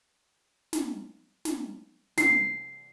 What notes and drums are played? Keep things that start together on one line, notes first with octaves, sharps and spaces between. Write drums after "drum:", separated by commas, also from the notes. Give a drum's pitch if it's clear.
drum: snare
drum: snare
C7, drum: snare